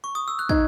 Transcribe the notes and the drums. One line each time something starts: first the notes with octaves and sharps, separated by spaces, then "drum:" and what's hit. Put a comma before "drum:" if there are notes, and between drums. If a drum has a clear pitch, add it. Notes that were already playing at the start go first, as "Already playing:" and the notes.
C#6
D#6
E6
F#6
D#4 G#6, drum: kick